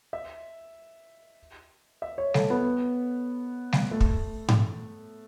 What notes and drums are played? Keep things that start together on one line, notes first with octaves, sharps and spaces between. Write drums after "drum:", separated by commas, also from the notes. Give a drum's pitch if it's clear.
E5
E5
C#5
A4, drum: snare G3
B3
drum: snare G3
A3
drum: kick
drum: tom G#2